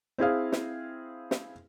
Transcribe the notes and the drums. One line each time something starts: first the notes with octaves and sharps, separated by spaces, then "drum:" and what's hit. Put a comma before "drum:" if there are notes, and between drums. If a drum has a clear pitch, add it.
C4 E4 G#4 F5
drum: snare
drum: snare